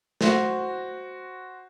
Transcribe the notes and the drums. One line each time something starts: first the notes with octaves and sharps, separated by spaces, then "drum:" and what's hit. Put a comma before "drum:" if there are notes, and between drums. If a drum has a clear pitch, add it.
F#4 C5, drum: snare